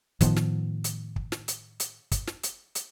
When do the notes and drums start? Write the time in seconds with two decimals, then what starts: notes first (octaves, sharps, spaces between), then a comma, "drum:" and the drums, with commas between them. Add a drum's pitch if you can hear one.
0.21 A2 D#3 F3 B3, drum: kick, hi-hat
0.36 drum: snare
0.84 drum: hi-hat
1.16 drum: kick
1.32 drum: snare
1.48 drum: hi-hat
1.80 drum: hi-hat
2.11 drum: kick, hi-hat
2.27 drum: snare
2.43 drum: hi-hat
2.75 drum: hi-hat